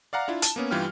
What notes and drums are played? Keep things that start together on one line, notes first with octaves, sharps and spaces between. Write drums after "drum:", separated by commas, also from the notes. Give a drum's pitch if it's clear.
D5 F5 F#5 A#5
D4 E4 F4
A5, drum: hi-hat
A#3 B3 C#4
G2 E3 G3 F4 G4 F6